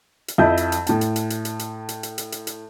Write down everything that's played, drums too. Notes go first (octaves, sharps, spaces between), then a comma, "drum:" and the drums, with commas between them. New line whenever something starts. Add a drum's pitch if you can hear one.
drum: hi-hat
F2 E4 D#5 G6
drum: hi-hat
drum: hi-hat
A2 A5, drum: hi-hat
drum: hi-hat
drum: hi-hat
drum: hi-hat
drum: hi-hat
drum: hi-hat
drum: hi-hat
drum: hi-hat
drum: hi-hat
drum: hi-hat
drum: hi-hat